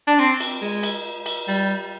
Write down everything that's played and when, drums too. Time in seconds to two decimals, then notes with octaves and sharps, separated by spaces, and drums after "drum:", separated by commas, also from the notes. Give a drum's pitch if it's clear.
0.07 D4
0.19 C4
0.40 drum: cymbal
0.61 G#3
0.83 drum: cymbal
1.26 drum: cymbal
1.48 G3